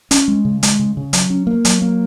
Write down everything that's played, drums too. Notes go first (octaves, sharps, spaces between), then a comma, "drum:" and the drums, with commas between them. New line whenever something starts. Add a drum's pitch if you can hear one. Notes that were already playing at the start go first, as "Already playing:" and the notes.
C#4, drum: hi-hat
G#3
C#3
G#3, drum: hi-hat
C#3
C#3
F#3, drum: hi-hat
C#4
A#3
F#3, drum: hi-hat
A#3